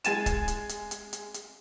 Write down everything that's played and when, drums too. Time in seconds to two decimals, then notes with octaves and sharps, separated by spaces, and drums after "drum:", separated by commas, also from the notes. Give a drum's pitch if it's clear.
0.04 G#3 G#5 A6 D#7 E7, drum: hi-hat
0.26 drum: kick C#1, hi-hat
0.48 drum: hi-hat
0.69 drum: hi-hat
0.91 drum: hi-hat
1.13 drum: hi-hat
1.34 drum: hi-hat